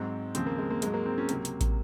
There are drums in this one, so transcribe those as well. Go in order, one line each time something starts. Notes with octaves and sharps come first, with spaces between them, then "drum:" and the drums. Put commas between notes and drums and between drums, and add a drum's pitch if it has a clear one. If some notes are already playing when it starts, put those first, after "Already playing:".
Already playing: G#2 F#3 C4
D#2 C#3 F3 C4, drum: hi-hat
A#3
G#3
A#3
G#2 F#3 G#3, drum: hi-hat
A#3
C4
C#4
C#2 C3 F#3 A#3, drum: hi-hat
drum: hi-hat
drum: kick, hi-hat